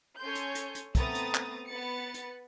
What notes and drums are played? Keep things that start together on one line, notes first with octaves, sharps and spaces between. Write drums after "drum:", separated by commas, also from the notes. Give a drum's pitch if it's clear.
C#4 A4 C#5 G#5 C6 G6
drum: hi-hat
drum: hi-hat
drum: hi-hat
A3 B3 C4 A#5 D#6 A6, drum: kick, hi-hat
drum: hi-hat
drum: clap
B3 B4 A6 C#7
drum: hi-hat